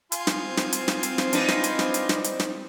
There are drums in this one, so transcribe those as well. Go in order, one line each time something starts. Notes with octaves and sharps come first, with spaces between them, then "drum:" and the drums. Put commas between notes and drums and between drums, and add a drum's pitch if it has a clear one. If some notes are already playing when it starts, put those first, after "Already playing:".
F4 G#5, drum: hi-hat
drum: snare
C4
drum: snare
drum: hi-hat
drum: snare
drum: hi-hat
drum: snare
D4 D#4 B4, drum: hi-hat
drum: snare
drum: hi-hat
drum: snare
drum: hi-hat
drum: snare
drum: hi-hat
drum: snare